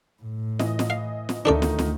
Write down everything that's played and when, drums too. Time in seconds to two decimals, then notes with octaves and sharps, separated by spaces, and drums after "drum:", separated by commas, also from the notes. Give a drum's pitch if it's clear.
0.22 A2
0.59 E3 D#5, drum: snare
0.79 drum: snare
0.90 F5
1.29 drum: snare
1.45 D2 D#3 A3 D4 D#4 A4 D5
1.62 drum: snare
1.79 drum: snare